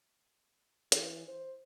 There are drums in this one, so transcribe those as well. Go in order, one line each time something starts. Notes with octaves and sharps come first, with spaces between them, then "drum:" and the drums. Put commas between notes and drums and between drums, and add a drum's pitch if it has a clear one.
E3, drum: hi-hat
C5